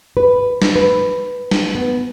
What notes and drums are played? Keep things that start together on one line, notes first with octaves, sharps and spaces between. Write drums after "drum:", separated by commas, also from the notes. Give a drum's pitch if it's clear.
B4
drum: snare
B4
drum: snare
B3